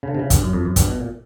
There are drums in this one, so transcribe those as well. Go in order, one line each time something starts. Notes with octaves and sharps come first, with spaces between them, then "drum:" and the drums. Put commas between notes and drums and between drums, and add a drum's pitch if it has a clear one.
C#3
D3
C3
C#3
G2, drum: kick, hi-hat
F#2
F2
F#2
G2, drum: kick, hi-hat
B2
A#2